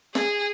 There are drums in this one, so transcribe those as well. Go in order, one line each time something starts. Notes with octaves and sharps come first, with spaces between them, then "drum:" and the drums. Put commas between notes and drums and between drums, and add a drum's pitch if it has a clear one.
G#4, drum: snare